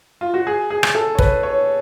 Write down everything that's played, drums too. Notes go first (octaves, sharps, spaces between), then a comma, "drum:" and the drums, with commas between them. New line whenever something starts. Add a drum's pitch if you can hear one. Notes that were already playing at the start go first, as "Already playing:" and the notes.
F4
F#4
G#4
G#4
drum: rim click
A4
C#5
B4, drum: kick
C#5